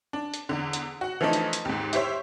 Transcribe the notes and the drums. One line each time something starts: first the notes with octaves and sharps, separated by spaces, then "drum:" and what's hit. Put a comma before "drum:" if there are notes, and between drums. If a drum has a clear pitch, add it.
D4
drum: hi-hat
E2 D3
drum: hi-hat
F#4 F#5
E3 F3 A3 D4 D#4
drum: hi-hat
drum: hi-hat
D#2 G#2
E4 G4 C5 C#5 E5, drum: hi-hat